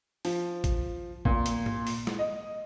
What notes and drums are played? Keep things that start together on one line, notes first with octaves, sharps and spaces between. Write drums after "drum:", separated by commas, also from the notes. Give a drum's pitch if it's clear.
F3, drum: open hi-hat
drum: kick A1, hi-hat
A#2, drum: kick A1
drum: hi-hat
drum: tom G#2
drum: open hi-hat
drum: snare
D#5